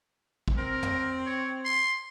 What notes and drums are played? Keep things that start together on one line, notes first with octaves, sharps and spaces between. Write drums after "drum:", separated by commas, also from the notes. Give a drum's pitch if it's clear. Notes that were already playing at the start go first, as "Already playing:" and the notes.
drum: kick
C4 A#4
drum: tom
C#5
C6